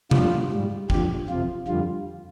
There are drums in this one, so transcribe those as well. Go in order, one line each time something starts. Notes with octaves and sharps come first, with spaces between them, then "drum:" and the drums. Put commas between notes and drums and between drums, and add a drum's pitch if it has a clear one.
F2 D3 G3 F4, drum: tom C3
G#2 G3
F2 D3 F3 G4, drum: kick
F2 C3 F3 F4
F2 D3 G3 F4